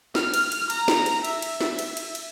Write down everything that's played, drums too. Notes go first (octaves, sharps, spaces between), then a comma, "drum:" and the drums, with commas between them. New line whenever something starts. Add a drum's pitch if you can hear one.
F6, drum: snare
drum: cymbal
drum: cymbal
A#5, drum: cymbal
drum: snare
drum: cymbal
E5, drum: cymbal
drum: cymbal
drum: snare
drum: cymbal
drum: cymbal
drum: cymbal